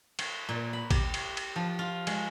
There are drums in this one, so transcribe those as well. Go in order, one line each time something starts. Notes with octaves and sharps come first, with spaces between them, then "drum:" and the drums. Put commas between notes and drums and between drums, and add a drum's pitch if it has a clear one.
G5, drum: cymbal
A#2
B5
G4, drum: kick A1, cymbal
drum: cymbal
drum: cymbal
F3
F4
G#3, drum: cymbal